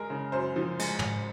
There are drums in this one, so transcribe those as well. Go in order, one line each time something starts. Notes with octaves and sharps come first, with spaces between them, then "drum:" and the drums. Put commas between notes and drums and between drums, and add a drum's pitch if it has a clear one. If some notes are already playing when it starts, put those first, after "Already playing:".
Already playing: F#2 G#3 A#4
C#3
F#2 C5
F3
G#3, drum: cymbal
drum: tom